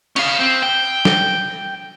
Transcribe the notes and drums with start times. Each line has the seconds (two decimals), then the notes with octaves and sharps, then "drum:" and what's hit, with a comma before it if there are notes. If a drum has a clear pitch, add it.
0.16 C#4 F5, drum: cymbal
0.39 C4
0.63 G5
1.05 drum: snare